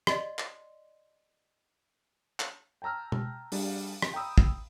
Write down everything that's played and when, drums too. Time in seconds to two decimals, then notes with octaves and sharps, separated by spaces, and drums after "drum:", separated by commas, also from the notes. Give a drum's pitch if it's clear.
0.07 D5 D#5 C6, drum: rim click
0.39 drum: clap
2.40 drum: clap
2.82 G5 A5 A#5 E6 F6
3.12 drum: tom B2
3.52 G3 D4 G#4, drum: open hi-hat
4.02 drum: rim click
4.14 G5 A#5 B5 D#6 E6
4.38 drum: kick